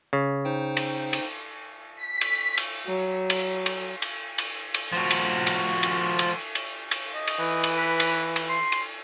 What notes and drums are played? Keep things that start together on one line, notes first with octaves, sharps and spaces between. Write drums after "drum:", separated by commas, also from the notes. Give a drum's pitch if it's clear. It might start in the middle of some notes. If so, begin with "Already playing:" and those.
C#3
D#4 C5 G5
drum: cymbal
drum: cymbal
B6
drum: cymbal
drum: cymbal
F#3
drum: cymbal
drum: cymbal
drum: cymbal
drum: cymbal
drum: cymbal
F3 F#4
drum: cymbal
drum: cymbal
drum: cymbal
drum: cymbal
drum: cymbal
drum: cymbal
D#5
drum: cymbal
E3
drum: cymbal
B4
drum: cymbal
drum: cymbal
C6
drum: cymbal